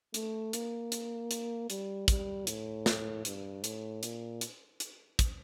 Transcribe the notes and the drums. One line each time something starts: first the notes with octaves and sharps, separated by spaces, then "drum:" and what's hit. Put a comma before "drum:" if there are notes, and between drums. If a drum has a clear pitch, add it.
A3, drum: hi-hat
A#3, drum: hi-hat
drum: hi-hat
drum: hi-hat
G3, drum: hi-hat
G3, drum: kick, hi-hat
A2, drum: hi-hat
drum: snare
G2, drum: hi-hat
A2, drum: hi-hat
A#2, drum: hi-hat
drum: hi-hat
drum: hi-hat
drum: kick, hi-hat